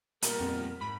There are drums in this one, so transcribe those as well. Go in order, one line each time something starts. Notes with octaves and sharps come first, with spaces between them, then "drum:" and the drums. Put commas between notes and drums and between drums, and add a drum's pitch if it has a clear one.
A#2 G3 B3 A#4, drum: hi-hat
F2
G#2 B5